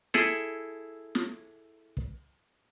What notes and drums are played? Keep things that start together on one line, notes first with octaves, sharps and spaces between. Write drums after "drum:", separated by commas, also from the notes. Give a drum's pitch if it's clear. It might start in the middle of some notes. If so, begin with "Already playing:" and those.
E4 G#4 A4, drum: snare
drum: snare
drum: kick